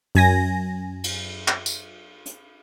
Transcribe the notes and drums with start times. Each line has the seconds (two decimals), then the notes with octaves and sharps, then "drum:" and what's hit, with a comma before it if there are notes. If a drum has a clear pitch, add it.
0.15 F#2 G#5 A#6, drum: open hi-hat
1.04 drum: cymbal
1.48 drum: clap
1.66 drum: tambourine
2.26 drum: hi-hat